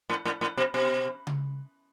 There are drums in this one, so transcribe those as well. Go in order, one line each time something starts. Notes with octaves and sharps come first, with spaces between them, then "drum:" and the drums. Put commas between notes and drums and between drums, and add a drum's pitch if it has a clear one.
A2
A2
A2
B2
B2
drum: tom C#3